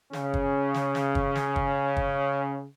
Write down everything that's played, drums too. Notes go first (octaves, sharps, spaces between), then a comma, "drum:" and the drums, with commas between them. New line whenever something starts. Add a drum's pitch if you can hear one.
C#3 C#4, drum: snare
drum: kick
drum: snare
drum: snare
drum: kick
drum: snare
drum: kick
drum: kick